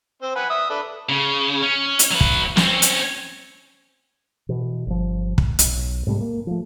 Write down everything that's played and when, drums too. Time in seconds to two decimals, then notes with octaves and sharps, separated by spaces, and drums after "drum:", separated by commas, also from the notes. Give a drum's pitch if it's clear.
0.22 C4 C5
0.36 B4 F#5 G#5
0.50 E5 D#6
0.70 D4 A4 B4
1.09 C#3
1.62 C#4
1.99 drum: hi-hat
2.11 F#3 B4
2.21 drum: kick
2.57 C4 C#4, drum: snare
2.82 drum: hi-hat
4.49 B2 E3
4.87 G1 F3
5.38 drum: kick
5.59 B1, drum: hi-hat
6.06 G#2 C3 G3 A3
6.21 A#3
6.47 F3 A3